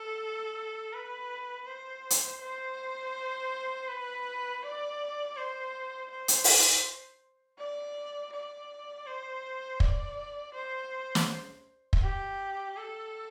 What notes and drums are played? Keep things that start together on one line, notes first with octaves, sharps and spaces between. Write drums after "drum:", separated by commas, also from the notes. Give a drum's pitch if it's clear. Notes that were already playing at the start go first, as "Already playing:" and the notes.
Already playing: A4
B4
C5
drum: hi-hat
C5
B4
D5
C5
C5
drum: hi-hat
drum: open hi-hat
D5
D5
C5
D5, drum: kick
C5
drum: snare
drum: kick
G4
A4